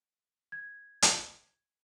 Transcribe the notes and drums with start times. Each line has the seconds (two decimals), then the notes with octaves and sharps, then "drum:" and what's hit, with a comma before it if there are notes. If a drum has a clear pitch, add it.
0.52 G#6
1.02 drum: hi-hat